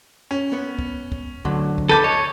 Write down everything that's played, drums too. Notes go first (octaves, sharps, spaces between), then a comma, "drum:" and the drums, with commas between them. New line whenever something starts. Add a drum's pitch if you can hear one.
C#4
B3 B4 C#5
drum: kick
drum: kick
D3 F#3 A3, drum: kick
drum: kick
A4 B4 A5 D6 G6 D#7
C#5 D#5